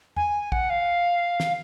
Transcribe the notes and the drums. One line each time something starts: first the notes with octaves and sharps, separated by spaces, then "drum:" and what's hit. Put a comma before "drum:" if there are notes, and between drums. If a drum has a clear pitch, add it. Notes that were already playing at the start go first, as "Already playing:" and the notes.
G#5, drum: tom
F#5, drum: kick
F5
drum: snare